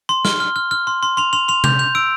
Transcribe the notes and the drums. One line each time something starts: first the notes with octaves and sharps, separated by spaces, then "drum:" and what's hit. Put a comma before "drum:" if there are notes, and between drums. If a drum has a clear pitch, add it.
C6
F6 G7, drum: snare
F6
F6
F6
C6
C6
C6 F7
C6 F7
C6 F7
G6 F7, drum: tom C3
G6 F7
E6 D7